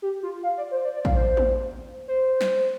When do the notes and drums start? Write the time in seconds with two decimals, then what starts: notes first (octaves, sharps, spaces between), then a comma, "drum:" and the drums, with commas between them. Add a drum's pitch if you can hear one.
0.02 G4
0.23 F4
0.43 F5
0.58 D5
0.71 C5
0.84 D5
0.94 D5
1.05 F5, drum: kick
1.15 C5
1.37 drum: tom
2.08 C5
2.41 drum: snare